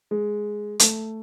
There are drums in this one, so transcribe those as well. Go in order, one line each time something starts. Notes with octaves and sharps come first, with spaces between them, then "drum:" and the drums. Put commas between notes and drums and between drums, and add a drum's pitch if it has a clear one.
G#3
A3, drum: hi-hat